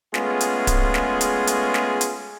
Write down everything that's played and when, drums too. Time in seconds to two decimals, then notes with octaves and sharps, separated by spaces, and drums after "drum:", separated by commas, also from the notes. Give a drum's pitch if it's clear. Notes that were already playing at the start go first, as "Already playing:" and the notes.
0.14 G#3 A3 B3 C#4 F4 G#4, drum: snare
0.41 drum: hi-hat
0.67 drum: kick D1, hi-hat
0.94 drum: snare
1.21 drum: hi-hat
1.47 drum: hi-hat
1.74 drum: snare
2.01 drum: hi-hat